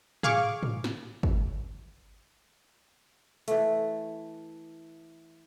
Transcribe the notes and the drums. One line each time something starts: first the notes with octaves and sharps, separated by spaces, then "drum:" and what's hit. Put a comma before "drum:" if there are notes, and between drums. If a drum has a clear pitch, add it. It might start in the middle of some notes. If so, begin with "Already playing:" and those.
G#4 F5 C#6 D6, drum: tom
drum: tom
drum: snare
drum: kick
E3 A3, drum: hi-hat